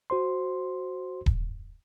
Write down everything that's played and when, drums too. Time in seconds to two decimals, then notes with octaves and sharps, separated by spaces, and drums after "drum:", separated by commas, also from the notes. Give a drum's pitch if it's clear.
0.10 F#4 C5 C6
1.26 drum: kick D#1